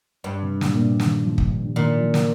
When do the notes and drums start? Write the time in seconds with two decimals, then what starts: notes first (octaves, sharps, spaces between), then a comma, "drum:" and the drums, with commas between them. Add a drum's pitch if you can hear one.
0.24 G2
0.43 C3
0.61 A#2, drum: snare
0.75 A#2
0.80 C3
1.00 D#3, drum: snare
1.25 F3
1.38 drum: kick
1.76 A#2 D#3
2.01 F3
2.14 drum: snare